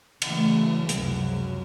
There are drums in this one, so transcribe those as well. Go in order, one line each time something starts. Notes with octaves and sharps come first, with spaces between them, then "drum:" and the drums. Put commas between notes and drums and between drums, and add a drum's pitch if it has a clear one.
C#3 E3 F#3 A3, drum: cymbal
C#2 F#2 C3 F3 F#3 G#3, drum: hi-hat